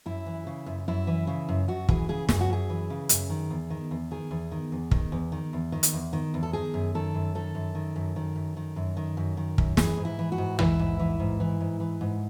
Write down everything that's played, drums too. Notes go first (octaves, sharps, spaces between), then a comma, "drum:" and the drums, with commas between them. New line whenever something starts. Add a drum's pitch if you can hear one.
F#2 E4
E3
C#3
F#2
F#2 E4
E3
C#3
F#2
F#2 F#4
E3 G#4, drum: kick
C#3 G#4
F#2 G#4, drum: snare
F#4
F#2 G#4
E3
C#3
F#2, drum: hi-hat
D#3
E2
D#3
E2
D#3 G#4
E2
D#3
E2
D#3, drum: kick
E2
D#3
E2
D#3
drum: hi-hat
E2
D#3
E2
A4
D#3 G#4
F#2
D#3 A4
F#2
D#3 A4
F#2
D#3
F#2
D#3
F#2
D#3
F#2
D#3
F#2
D#3
F#2, drum: kick
E3 G#4, drum: snare
G#2
E4
E3
F#4
G#2
E3 E4, drum: tom
G#2
E3
G#2
E3
G#2
E3
G#2